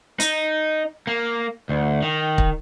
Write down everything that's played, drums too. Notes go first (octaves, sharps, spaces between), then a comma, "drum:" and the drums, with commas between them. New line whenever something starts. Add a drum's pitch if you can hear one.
D#4, drum: hi-hat
A#3
D2
D#3
drum: kick